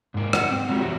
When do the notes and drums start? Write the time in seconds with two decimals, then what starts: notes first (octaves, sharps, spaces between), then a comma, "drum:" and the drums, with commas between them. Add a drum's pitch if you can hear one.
0.14 G#2 A#3
0.33 F#5, drum: rim click
0.51 C4
0.68 F#3 G#3 A3 F4 G4
0.81 E2 G2 C4 F#4